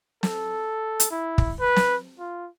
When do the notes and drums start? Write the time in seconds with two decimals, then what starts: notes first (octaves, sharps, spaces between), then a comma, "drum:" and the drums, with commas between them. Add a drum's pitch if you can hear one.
0.23 A4, drum: snare
1.00 drum: hi-hat
1.11 E4
1.38 drum: kick
1.59 B4
1.76 drum: snare
2.19 F4